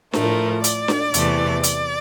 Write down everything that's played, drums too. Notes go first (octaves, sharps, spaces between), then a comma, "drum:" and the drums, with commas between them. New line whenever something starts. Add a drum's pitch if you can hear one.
A2 F3 A3 A#4, drum: snare D4
D5, drum: hi-hat
drum: snare D4
E2 C3 E3 A3, drum: hi-hat
D5, drum: hi-hat